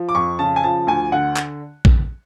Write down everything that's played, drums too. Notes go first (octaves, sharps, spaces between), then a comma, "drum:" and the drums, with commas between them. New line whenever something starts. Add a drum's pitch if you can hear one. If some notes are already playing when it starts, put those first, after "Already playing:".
Already playing: F3
D6
F2 C#6
C#3 A5
G#5
F3 A5
D2 G#5
D3 F#5
drum: clap
drum: kick